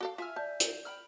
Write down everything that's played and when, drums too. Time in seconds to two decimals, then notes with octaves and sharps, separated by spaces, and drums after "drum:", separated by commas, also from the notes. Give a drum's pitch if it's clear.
0.01 F#4 A4 F5 D6
0.18 F4 E5 G#5 F6
0.36 D5 A5 G6
0.60 drum: hi-hat
0.85 G5 B5 F6